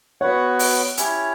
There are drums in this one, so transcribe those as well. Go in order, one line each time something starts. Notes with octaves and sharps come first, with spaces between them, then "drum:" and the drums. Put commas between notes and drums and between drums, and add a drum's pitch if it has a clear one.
B3 F#4 B4 C#5 F#5
drum: open hi-hat
C#4 E4 G4 C#5, drum: hi-hat